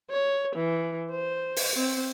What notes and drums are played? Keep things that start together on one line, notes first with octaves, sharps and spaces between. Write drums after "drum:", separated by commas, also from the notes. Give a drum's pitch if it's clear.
C#5
E3
C5
drum: open hi-hat
C4